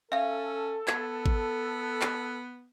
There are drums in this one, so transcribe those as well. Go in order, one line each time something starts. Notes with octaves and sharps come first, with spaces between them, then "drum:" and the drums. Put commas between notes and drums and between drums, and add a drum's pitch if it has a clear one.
C#4 A4 E5 F5
B3 G#6, drum: clap
drum: kick G#1
drum: clap